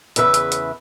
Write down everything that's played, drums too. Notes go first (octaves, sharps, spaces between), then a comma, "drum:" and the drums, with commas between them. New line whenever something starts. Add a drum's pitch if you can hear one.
E2 C#3 B4 E5, drum: hi-hat
drum: hi-hat
drum: hi-hat